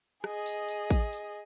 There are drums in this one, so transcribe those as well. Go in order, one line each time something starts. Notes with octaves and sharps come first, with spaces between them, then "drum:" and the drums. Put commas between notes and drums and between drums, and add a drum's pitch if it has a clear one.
G#4 D#5, drum: rim click
drum: tambourine
drum: tambourine
drum: kick A1, tambourine
drum: tambourine